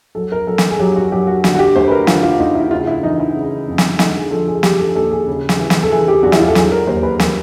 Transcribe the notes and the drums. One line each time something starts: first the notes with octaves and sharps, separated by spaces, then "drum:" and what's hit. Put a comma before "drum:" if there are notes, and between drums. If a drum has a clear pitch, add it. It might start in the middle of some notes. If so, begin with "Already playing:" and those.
F#3 A4
A#4
F#3 A4
drum: snare
G#4
F#3 G4
F#4
F#3 G4
F#4
D3 F#4, drum: snare
F#4
G4
D2 C5
B4
A#4
D3 F4, drum: snare
F4
D2 D#4
E4
C#3 F4
E4
E3 D#4
E4
C#3
F2
drum: snare
D3 D#4, drum: snare
G#4
F3 A4
G#4
F3 G4, drum: snare
A4
D#2 A4
G#4
C#3
drum: snare
E3
drum: snare
A4
E3 G#4
G4
E2 F#4
E4, drum: snare
F4
A4
F#3 G#4, drum: snare
A#4
D#2 C5
B4
A#4, drum: snare